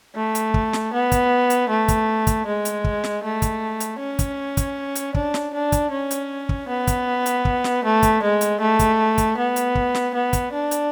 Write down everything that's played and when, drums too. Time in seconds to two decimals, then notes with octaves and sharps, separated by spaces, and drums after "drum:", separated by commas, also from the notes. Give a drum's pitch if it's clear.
0.15 A3
0.35 drum: hi-hat
0.54 drum: kick
0.73 drum: snare
0.93 B3
1.12 drum: kick, hi-hat
1.50 drum: hi-hat
1.69 A3
1.88 drum: kick, hi-hat
2.27 drum: kick, hi-hat
2.46 G#3
2.65 drum: hi-hat
2.84 drum: kick
3.04 drum: snare
3.23 A3
3.42 drum: kick, hi-hat
3.80 drum: hi-hat
3.99 C#4
4.19 drum: kick, hi-hat
4.57 drum: kick, hi-hat
4.96 drum: hi-hat
5.14 D4, drum: kick
5.34 drum: snare
5.54 D4
5.72 drum: kick, hi-hat
5.91 C#4
6.11 drum: hi-hat
6.49 drum: kick
6.68 B3
6.87 drum: kick, hi-hat
7.26 drum: hi-hat
7.45 drum: kick
7.64 drum: snare
7.84 A3
8.03 drum: kick, hi-hat
8.22 G#3
8.41 drum: hi-hat
8.60 A3
8.79 drum: kick, hi-hat
9.18 drum: kick, hi-hat
9.37 B3
9.56 drum: hi-hat
9.75 drum: kick
9.95 drum: snare
10.14 B3
10.33 drum: kick, hi-hat
10.52 D4
10.71 drum: hi-hat